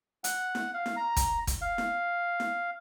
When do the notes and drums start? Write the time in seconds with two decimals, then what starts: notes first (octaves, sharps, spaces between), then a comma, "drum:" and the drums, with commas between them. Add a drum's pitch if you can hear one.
0.24 F#5, drum: hi-hat
0.55 drum: snare E4
0.74 F5
0.86 drum: snare E4
0.96 A#5
1.16 drum: kick, hi-hat
1.47 drum: kick, hi-hat
1.61 F5
1.78 drum: snare E4
2.40 drum: snare E4